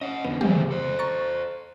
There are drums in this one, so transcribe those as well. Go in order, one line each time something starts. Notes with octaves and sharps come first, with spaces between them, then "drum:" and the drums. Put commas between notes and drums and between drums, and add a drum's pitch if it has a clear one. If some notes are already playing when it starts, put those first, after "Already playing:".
C#4 D#5 F#5
F2 D3 B3
A3 C4 G4 G#4, drum: tom
A4 C5
A#5 C#6 A6